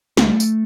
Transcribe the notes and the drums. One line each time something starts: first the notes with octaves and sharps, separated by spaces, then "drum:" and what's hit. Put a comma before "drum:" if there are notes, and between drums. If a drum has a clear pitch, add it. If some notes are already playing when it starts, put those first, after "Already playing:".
D2 A3, drum: snare
drum: tambourine